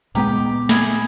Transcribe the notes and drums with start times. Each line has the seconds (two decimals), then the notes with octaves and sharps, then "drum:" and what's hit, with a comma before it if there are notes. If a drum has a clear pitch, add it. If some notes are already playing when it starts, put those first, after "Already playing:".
0.15 A#2 G#3 B3 D#4 G4
0.69 E4 G#4, drum: snare